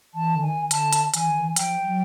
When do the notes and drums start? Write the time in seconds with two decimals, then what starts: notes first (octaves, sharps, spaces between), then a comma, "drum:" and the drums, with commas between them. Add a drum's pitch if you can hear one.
0.14 E3 A5
0.36 D3
0.42 D#3 G#5
0.71 D3 A5, drum: hi-hat
0.93 drum: hi-hat
1.14 E3 G#5, drum: hi-hat
1.27 D#3
1.39 E3
1.56 F3 G5, drum: hi-hat
1.85 F#3